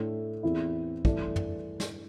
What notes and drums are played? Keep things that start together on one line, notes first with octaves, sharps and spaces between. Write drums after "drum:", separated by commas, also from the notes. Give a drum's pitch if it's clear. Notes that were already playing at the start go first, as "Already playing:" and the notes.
Already playing: A2 A3 D4
E2 E3 C4 E4
G2 E3 A3 D4, drum: kick
drum: tom
drum: snare